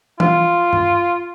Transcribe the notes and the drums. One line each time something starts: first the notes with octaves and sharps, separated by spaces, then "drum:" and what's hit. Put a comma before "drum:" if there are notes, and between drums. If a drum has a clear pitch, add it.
F4, drum: tom
drum: tom G2